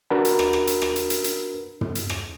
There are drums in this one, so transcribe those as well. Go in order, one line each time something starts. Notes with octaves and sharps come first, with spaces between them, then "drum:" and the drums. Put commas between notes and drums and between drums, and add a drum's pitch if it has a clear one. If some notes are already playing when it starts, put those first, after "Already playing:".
D4 F#4 A#4 B4 B5
drum: hi-hat
drum: rim click
drum: rim click
drum: hi-hat
drum: rim click
drum: hi-hat
drum: hi-hat
drum: hi-hat
drum: tom
drum: hi-hat
drum: rim click